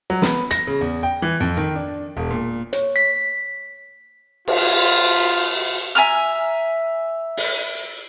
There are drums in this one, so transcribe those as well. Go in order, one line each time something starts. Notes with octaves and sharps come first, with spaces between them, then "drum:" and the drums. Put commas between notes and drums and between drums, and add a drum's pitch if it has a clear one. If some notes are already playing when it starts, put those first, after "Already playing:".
F#3
B3, drum: snare
A#6, drum: hi-hat
C#3
E2
G5
E3
F2
D#3
D4
E1
A#2
C#5, drum: hi-hat
B6
F4, drum: cymbal
E5 G#5 A#5 F6
drum: open hi-hat